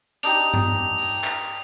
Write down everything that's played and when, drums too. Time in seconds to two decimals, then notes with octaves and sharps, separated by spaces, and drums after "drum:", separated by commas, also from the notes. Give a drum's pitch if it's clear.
0.23 D4 D#4 G4 F7, drum: hi-hat
0.54 drum: tom G2
0.98 drum: open hi-hat
1.24 drum: clap